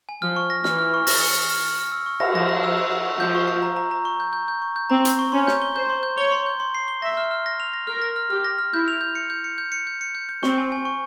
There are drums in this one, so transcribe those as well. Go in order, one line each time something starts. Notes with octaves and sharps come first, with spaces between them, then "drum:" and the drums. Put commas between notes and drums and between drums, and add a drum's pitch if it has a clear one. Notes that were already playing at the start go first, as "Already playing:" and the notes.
G#5
F3 F6
C#6
A#6
E3 F6, drum: snare
F6
C#6
A#6, drum: open hi-hat
C#7
F6
F6
F6
F6
E6
C#6
A#6, drum: cymbal
F3 A#6
A#6
E6
E6
E6
C#6
F3 G6
C#6
C#6
A#5
A#5
A#5
C#6
G6
G6
G6
C#6
G6
C4 A#5
A#5, drum: hi-hat
C#6
C#4 C6
G6, drum: snare
G7
C5 G6
C6
G6
C#5 G7
C6
G6
C6
C7
G7
E5 A#6
F6
F6
A#6
F7
A#6
A#4 F6
A#6
F6
G4 F6
A#6
F6
E4 G6
F7
G6
C#7
G6
C#7
G6
C#7
G6
C#7
G6
G6
C4 C#6, drum: snare
G#5
G#5
C#6